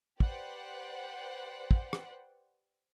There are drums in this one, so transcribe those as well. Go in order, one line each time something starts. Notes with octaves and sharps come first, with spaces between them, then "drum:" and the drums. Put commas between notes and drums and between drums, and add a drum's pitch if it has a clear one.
G4 B4 C5 D5 F#5 G5, drum: kick
drum: kick
drum: rim click